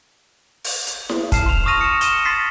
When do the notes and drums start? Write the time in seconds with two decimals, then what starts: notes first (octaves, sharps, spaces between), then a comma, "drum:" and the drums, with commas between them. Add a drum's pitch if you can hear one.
0.64 drum: open hi-hat
0.87 drum: hi-hat
1.09 drum: snare E4
1.32 A5 F6 C7 E7, drum: kick, hi-hat
1.46 C6 F7
1.66 C#6 D#6 F6 A#6 D#7 F7
1.81 C#7 E7
2.01 D#7 E7 G7, drum: hi-hat
2.25 C6 A6 B6 C7